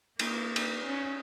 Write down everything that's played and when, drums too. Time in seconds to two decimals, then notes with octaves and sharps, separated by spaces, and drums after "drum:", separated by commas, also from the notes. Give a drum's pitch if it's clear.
0.19 A#3, drum: cymbal
0.56 drum: cymbal
0.86 C#4